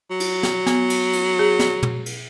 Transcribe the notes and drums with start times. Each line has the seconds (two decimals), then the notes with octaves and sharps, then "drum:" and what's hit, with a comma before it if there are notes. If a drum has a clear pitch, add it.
0.11 F#3
0.20 drum: cymbal
0.43 drum: snare
0.66 B3, drum: snare
0.90 drum: cymbal
1.13 drum: cymbal
1.39 G#4
1.59 drum: snare
1.83 drum: tom
2.06 drum: cymbal